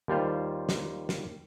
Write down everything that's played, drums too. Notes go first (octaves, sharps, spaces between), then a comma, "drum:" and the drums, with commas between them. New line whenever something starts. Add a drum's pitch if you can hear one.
D#2 G3 F4 C5
drum: snare
drum: snare